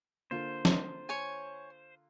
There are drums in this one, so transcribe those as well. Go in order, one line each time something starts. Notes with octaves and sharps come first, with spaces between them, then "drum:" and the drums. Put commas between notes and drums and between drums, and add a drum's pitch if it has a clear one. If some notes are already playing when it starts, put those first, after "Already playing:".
D3 A#3 F4 C5
drum: snare
C#5 G#5